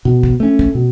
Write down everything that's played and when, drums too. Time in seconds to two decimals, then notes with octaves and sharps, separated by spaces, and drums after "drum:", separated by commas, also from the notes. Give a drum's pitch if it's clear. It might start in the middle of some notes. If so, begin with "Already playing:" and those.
0.05 B2
0.23 drum: kick
0.40 A3 C#4
0.59 drum: kick
0.75 B2